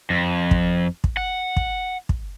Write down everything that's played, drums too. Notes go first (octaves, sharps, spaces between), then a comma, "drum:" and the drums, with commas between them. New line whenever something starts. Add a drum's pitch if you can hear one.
F2
drum: kick
drum: kick
F#5
drum: kick
drum: kick